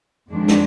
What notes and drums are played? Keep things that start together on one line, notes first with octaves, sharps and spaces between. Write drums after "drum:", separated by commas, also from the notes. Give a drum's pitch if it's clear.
F2 D#3 G#3 D4
drum: snare